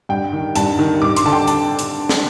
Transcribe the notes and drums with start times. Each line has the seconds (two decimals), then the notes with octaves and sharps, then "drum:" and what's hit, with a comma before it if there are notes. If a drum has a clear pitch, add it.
0.09 G2 G5
0.33 D#3
0.55 G2 A5, drum: hi-hat
0.79 D#3
1.02 G2 D6
1.16 C6, drum: hi-hat
1.25 D3 A5
1.32 G5
1.48 A5, drum: hi-hat
1.79 drum: hi-hat
2.09 drum: snare